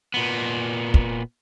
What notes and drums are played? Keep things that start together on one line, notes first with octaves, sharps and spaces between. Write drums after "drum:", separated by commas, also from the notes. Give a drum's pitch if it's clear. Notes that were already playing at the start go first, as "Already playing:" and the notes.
A#2 B3
drum: kick